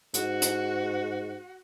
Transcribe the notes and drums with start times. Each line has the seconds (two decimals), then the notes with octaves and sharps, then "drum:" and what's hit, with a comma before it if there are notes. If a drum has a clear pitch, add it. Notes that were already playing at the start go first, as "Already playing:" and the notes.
0.14 G#2 F#4, drum: hi-hat
0.42 drum: hi-hat